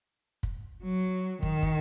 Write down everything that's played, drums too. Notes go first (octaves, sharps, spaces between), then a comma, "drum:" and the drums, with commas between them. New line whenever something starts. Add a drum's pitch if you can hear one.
drum: kick
F#3
D#3, drum: kick
drum: kick